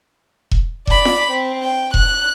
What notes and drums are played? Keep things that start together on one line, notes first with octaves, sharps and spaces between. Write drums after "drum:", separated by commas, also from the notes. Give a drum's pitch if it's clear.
drum: kick E1
D5 B5, drum: kick E1
drum: snare
C4
G5
F#6, drum: kick E1